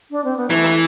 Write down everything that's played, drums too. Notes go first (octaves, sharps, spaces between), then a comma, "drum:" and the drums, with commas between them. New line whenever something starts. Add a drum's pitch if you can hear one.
D4
C4
B3
E3 A3, drum: hi-hat
drum: hi-hat